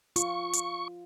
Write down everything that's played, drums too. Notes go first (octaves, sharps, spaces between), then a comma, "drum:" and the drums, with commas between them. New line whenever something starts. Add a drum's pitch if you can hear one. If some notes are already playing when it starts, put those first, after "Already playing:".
F4 C#6, drum: hi-hat
drum: hi-hat